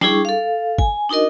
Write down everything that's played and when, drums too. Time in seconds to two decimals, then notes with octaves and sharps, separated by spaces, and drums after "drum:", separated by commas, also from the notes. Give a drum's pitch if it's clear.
0.01 G3 D4 E4 G#4 C#6, drum: snare
0.25 A4 F5
0.78 G#5, drum: kick G#1
1.09 D4 D#4 F#4 A#4 D#5